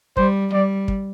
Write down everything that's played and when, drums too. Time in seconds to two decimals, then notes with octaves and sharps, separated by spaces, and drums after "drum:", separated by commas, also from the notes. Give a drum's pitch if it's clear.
0.17 G3 C5, drum: kick
0.52 G3 D5
0.88 drum: kick